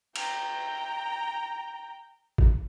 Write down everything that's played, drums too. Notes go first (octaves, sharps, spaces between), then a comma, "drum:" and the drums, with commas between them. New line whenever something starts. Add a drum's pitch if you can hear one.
G5 A#5, drum: cymbal
drum: kick